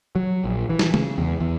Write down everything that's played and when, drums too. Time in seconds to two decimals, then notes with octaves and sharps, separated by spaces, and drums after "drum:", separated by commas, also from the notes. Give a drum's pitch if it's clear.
0.16 F#3
0.44 A#1
0.69 E3
0.79 drum: snare
0.94 C#3, drum: tom
1.18 E2
1.40 E2